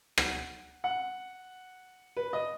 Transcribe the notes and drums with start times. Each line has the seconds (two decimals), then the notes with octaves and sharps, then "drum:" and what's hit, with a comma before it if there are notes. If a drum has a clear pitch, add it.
0.18 F#5, drum: rim click
0.84 F#5
2.17 B4
2.33 D#5